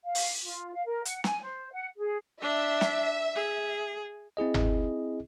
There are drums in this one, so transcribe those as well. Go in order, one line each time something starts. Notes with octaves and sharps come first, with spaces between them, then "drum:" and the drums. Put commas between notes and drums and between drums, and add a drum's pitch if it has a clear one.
F5
drum: open hi-hat
F4
F5
A#4
F#5, drum: hi-hat
G#5, drum: snare
C5
F#5
G#4
D4 E5
drum: snare
G#4
C4 E4 G#4 D#5
drum: tom G1